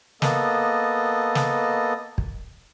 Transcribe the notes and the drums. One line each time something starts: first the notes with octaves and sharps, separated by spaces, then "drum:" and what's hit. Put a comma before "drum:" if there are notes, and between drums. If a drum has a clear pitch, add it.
A#3 B3 A4 D#5, drum: snare
drum: snare
drum: kick